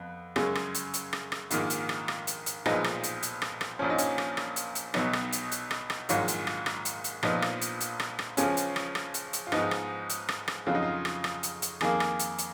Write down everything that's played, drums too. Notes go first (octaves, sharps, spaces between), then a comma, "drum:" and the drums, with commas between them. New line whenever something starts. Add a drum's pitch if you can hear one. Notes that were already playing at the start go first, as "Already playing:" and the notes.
Already playing: F2 B3
F#2 C#3 G#3, drum: rim click
drum: rim click
drum: hi-hat
drum: hi-hat
drum: rim click
drum: rim click
A#1 G#2 D#3 A#3 F4, drum: hi-hat
drum: hi-hat
drum: rim click
drum: rim click
drum: hi-hat
drum: hi-hat
B1 A#2 F3 G#3 B3 D#4, drum: rim click
drum: rim click
drum: hi-hat
drum: hi-hat
drum: rim click
drum: rim click
A#1 A#2 F3 C#4
D#4
C#4, drum: hi-hat
drum: rim click
drum: rim click
drum: hi-hat
drum: hi-hat
B1 B2 F#3 B3 D#4, drum: rim click
drum: rim click
drum: hi-hat
drum: hi-hat
drum: rim click
drum: rim click
A#1 G#2 D#3 F#3 F4, drum: hi-hat
drum: hi-hat
drum: rim click
drum: rim click
drum: hi-hat
drum: hi-hat
A#1 A#2 F3 B3 D#4, drum: rim click
drum: rim click
drum: hi-hat
drum: hi-hat
drum: rim click
drum: rim click
C#2 C#3 F3 C#4, drum: hi-hat
drum: hi-hat
drum: rim click
drum: rim click
drum: hi-hat
drum: hi-hat
F4
G#2 F3 B3 D#4, drum: rim click
drum: rim click
drum: hi-hat
drum: rim click
drum: rim click
F2 C#3 F#3 F4
D#4
F4
drum: rim click
drum: rim click
drum: hi-hat
drum: hi-hat
F2 D#3 A#3 G#4, drum: rim click
drum: rim click
drum: hi-hat
drum: hi-hat